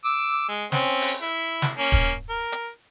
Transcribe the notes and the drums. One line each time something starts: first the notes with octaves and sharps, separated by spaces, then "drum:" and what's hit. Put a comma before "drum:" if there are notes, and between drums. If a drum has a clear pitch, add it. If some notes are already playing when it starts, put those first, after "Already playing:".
D6 E6
G#3
C4 C#4, drum: snare
drum: open hi-hat
E4
drum: snare
A#3 C#4
drum: kick
A#4
drum: hi-hat